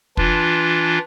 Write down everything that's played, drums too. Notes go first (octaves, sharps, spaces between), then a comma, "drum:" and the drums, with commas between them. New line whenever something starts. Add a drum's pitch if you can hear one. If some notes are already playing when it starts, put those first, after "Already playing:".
E3 D4 F4, drum: kick